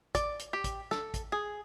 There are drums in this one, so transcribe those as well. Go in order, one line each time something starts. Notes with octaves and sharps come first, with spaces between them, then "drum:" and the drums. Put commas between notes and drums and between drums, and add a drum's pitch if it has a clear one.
D5, drum: kick, hi-hat
drum: hi-hat
G4
drum: kick, hi-hat
A4, drum: snare
drum: kick, hi-hat
G#4